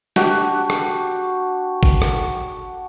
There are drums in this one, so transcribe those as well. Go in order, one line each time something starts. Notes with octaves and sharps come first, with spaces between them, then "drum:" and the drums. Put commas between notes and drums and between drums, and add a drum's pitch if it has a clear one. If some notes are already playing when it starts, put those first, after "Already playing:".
D4 F#4 G4, drum: snare
drum: rim click
drum: kick
drum: rim click